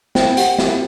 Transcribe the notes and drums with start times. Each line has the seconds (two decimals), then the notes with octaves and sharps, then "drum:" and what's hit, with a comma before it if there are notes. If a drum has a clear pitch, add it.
0.15 C5 G5, drum: snare
0.37 G4 F#5, drum: hi-hat
0.58 G4 E5, drum: snare